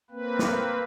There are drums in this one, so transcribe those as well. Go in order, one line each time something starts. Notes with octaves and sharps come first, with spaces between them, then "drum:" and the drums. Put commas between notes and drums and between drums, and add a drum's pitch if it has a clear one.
A#3 C4 B4
drum: snare